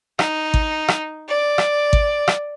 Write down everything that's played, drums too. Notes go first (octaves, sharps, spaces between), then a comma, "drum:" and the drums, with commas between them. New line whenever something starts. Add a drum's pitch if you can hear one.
D#4, drum: rim click
drum: kick G#1
drum: rim click
D5
drum: rim click
drum: kick G#1
drum: rim click